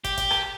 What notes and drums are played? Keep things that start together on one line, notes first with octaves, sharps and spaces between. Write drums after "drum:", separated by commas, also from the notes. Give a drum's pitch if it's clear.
G4, drum: kick, hi-hat
drum: kick, hi-hat
drum: rim click